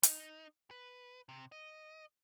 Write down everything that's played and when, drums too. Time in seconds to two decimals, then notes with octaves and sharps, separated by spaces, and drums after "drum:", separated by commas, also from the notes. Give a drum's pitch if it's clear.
0.03 D#4, drum: hi-hat
0.71 B4
1.29 C3
1.52 D#5